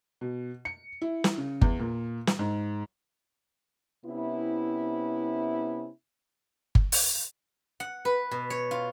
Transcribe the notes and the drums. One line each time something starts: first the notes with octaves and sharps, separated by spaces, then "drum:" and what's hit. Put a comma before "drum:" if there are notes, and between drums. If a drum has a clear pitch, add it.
B2
C#7
E4
drum: snare
C#3
E2, drum: kick G1
A#2
drum: snare
G#2
C3 B3 C#4 E4
drum: kick G1
drum: open hi-hat
F#5
B4
B2
C#5
F4